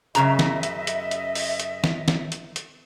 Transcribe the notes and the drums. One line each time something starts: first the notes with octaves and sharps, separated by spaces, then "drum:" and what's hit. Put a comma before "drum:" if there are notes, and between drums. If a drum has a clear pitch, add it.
F#2 C#3 D#5 E5 A#5, drum: hi-hat
drum: snare
drum: hi-hat
drum: hi-hat
drum: hi-hat
drum: open hi-hat
drum: hi-hat
drum: snare
drum: snare
drum: hi-hat
drum: hi-hat